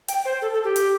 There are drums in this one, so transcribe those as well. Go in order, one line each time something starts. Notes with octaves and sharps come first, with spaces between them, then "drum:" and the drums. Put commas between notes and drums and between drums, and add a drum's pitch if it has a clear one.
G5, drum: hi-hat
C5
A4
A4
G4
drum: hi-hat